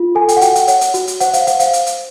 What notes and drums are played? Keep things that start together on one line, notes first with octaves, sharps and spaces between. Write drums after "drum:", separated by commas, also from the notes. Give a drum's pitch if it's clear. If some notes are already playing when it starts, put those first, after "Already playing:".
Already playing: F4
A4 G#5
G5, drum: hi-hat
F#5
F#4 G5, drum: hi-hat
F#5, drum: hi-hat
C#5 F#5, drum: hi-hat
drum: hi-hat
F#4, drum: hi-hat
drum: hi-hat
C5 F#5, drum: hi-hat
F5, drum: hi-hat
C5 F#5, drum: hi-hat
F5, drum: hi-hat
drum: hi-hat
drum: hi-hat